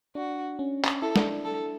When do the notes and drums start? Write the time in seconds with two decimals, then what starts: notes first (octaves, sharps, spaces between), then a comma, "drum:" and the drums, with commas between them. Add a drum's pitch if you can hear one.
0.15 D4 F#4
0.59 C#4
0.84 drum: clap
1.01 E4 A4
1.16 D4, drum: snare
1.45 A4